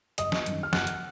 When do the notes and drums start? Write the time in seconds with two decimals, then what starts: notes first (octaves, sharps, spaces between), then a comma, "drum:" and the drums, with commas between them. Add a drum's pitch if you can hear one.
0.18 F#1 D#5 D#6, drum: hi-hat
0.32 drum: snare
0.46 F#2 D#3, drum: hi-hat
0.63 F6
0.73 F#1 F#5 F#6, drum: snare
0.87 drum: hi-hat